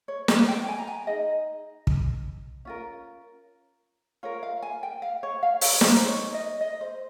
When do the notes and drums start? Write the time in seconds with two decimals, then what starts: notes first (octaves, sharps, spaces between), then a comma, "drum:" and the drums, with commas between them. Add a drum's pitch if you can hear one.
0.08 C#5
0.28 D#5, drum: snare
0.48 G5
0.68 G#5
0.78 A#5
0.87 G#5
1.07 D#4 G#4 D#5
1.87 drum: kick
2.65 C#4 F4 A#4
4.23 F4 A#4 C#5
4.43 F5
4.62 G#5
4.83 G5
5.02 F5
5.23 C#5
5.43 F5
5.61 C#5, drum: open hi-hat
5.81 D#4 A#4 C5, drum: snare
6.07 C#5
6.34 D#5
6.61 D#5
6.81 C5